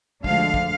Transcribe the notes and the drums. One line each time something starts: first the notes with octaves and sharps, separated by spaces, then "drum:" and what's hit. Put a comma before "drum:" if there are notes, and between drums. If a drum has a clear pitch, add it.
D2 D3 F3 G#3 D4 F5, drum: kick
drum: kick